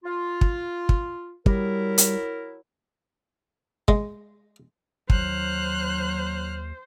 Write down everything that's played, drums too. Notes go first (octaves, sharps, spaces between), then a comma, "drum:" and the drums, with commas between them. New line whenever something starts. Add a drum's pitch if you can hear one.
F4
drum: kick
drum: kick
F#3 G3 E4 A#4, drum: kick
drum: hi-hat
G#3, drum: kick
D#2 F#3 C5 F6 F#6, drum: kick